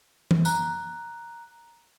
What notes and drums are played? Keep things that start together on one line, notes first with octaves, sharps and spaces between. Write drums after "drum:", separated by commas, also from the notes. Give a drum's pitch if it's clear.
drum: tom E3
A#5 F#6, drum: tambourine